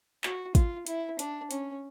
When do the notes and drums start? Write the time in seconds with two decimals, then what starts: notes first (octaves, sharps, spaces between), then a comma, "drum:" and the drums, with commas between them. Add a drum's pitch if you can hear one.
0.24 F#4, drum: clap
0.55 F4, drum: kick, hi-hat
0.87 E4, drum: hi-hat
1.19 D4, drum: hi-hat
1.51 C#4, drum: hi-hat